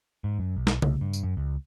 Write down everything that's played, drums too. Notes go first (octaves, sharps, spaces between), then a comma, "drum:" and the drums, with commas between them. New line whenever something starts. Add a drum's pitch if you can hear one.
G#2
F#2
B1
drum: snare
C2, drum: tom C#3
G2
drum: tambourine
F#2
C#2